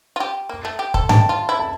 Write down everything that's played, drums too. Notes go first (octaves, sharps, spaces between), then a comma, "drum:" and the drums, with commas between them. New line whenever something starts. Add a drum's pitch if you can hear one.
F4
G4
A#3
A3
G4
A4, drum: kick
G4 A5, drum: tom G#2
F4
E4
A5